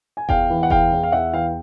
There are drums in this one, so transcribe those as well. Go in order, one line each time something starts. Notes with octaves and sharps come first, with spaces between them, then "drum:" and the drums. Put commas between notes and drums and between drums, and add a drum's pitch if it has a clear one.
G#5
E2 F5 G5, drum: kick F#1
E3
F#5
E2 F5 G5, drum: kick F#1
E2
F5
E2 E5 F#5
E3 F5 G5